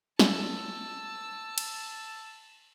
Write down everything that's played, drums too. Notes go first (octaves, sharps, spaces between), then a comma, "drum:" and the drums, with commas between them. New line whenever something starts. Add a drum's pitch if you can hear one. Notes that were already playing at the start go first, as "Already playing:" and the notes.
A5 E6, drum: snare
drum: cymbal